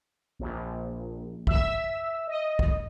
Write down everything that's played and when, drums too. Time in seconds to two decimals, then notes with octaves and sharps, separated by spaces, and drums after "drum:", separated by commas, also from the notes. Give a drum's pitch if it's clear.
0.39 A#1
1.47 E5 E6, drum: kick
2.27 D#5
2.59 drum: kick